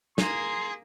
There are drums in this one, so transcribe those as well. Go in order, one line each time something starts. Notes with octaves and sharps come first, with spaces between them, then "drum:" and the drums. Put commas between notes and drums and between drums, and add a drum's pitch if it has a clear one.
A#3 G#4 C6, drum: snare